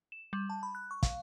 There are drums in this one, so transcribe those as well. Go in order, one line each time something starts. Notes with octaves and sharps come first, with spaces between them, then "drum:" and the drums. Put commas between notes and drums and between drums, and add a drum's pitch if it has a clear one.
E7
G3
A5
B5
F#6
C#6
F5, drum: kick, hi-hat